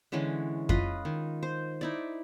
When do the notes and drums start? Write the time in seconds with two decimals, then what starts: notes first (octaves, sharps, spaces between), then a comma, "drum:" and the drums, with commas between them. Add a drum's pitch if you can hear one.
0.12 D3 E3 G#3 C#4
0.69 F4 B4 D#5, drum: kick F2
1.05 D#3
1.43 C5
1.81 D#4 E4 D5